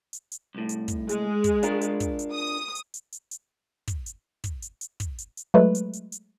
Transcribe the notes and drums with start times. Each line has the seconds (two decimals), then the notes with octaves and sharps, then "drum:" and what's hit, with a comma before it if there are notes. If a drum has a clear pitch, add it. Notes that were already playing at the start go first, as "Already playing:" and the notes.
0.13 drum: hi-hat
0.32 drum: hi-hat
0.55 C2 A2
0.69 drum: hi-hat
0.88 drum: kick, hi-hat
1.09 G#3, drum: hi-hat
1.44 drum: kick, hi-hat
1.63 D4 F4 A#4, drum: hi-hat
1.82 drum: hi-hat
2.00 drum: kick, hi-hat
2.19 drum: hi-hat
2.34 D#6
2.75 drum: hi-hat
2.94 drum: hi-hat
3.13 drum: hi-hat
3.31 drum: hi-hat
3.88 drum: kick, hi-hat
4.06 drum: hi-hat
4.44 drum: kick, hi-hat
4.62 drum: hi-hat
4.81 drum: hi-hat
5.00 drum: kick, hi-hat
5.19 drum: hi-hat
5.37 drum: hi-hat
5.54 F#3 G#3 A3 B4
5.75 drum: hi-hat
5.94 drum: hi-hat
6.12 drum: hi-hat